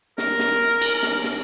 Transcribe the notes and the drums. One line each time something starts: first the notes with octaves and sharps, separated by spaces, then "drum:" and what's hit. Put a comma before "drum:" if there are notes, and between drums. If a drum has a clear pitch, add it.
A#4, drum: snare
drum: snare
drum: cymbal
drum: snare
drum: snare